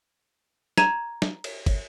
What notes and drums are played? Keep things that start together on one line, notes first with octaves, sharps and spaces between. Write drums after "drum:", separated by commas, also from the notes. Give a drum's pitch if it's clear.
A#5 G#6 D#7 E7, drum: snare
drum: snare
drum: cymbal
drum: kick, cymbal